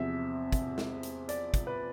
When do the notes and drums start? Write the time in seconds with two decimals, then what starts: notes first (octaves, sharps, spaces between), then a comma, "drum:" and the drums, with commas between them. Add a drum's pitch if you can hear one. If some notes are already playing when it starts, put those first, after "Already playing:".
Already playing: E2 C3 F3 E5
0.52 drum: kick, hi-hat
0.78 drum: snare
1.03 drum: hi-hat
1.29 D5, drum: hi-hat
1.54 drum: kick, hi-hat
1.67 B4